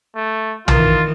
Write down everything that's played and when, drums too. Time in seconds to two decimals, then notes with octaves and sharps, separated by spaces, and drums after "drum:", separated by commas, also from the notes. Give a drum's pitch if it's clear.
0.16 A3
0.68 D#3 E3 D#4 F4, drum: tom